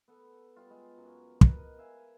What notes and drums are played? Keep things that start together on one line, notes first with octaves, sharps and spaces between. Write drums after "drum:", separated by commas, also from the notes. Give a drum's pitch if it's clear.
B3 A4
G3 B3 F4
G#3
F#2 F#3
A#4 B4 D#5 G5, drum: kick
E5 F5 G#5